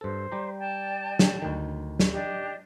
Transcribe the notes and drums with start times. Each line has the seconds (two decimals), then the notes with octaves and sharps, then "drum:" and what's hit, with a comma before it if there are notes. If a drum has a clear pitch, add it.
0.01 G2 A4 C5
0.32 G3 G4 A#5
0.59 D5 G5 A5
1.19 drum: snare
1.42 D2 D#3
1.99 drum: snare
2.12 D4 G4 D#5